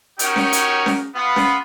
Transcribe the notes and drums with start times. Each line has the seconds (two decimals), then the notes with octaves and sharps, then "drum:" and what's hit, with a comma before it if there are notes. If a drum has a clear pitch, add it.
0.19 C#4 D#4 F#4 G4 A#4 C#5, drum: hi-hat
0.36 drum: snare C#4
0.53 drum: hi-hat
0.86 drum: snare C#4
1.15 B3 F4
1.36 drum: snare C#4